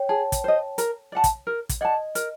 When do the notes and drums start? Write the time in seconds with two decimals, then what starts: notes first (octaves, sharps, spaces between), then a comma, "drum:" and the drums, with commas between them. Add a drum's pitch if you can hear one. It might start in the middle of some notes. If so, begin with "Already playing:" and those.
Already playing: C#5 G5
0.09 G#4 A5
0.32 drum: kick, hi-hat
0.44 C5 D#5
0.78 A#4, drum: hi-hat
1.12 D5 F#5 A5
1.24 drum: kick, hi-hat
1.47 A#4
1.69 drum: kick, hi-hat
1.81 D5 D#5 F#5 A5
2.15 A#4, drum: hi-hat